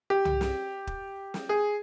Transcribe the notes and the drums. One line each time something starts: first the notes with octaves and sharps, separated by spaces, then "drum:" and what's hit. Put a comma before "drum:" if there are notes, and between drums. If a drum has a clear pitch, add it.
G4
drum: tom C2
drum: snare
drum: kick
drum: snare
G#4